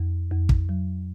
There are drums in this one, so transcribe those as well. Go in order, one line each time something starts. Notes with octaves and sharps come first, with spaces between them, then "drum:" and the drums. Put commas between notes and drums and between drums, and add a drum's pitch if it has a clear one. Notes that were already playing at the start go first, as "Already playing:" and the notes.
Already playing: F2
F2
drum: kick
F#3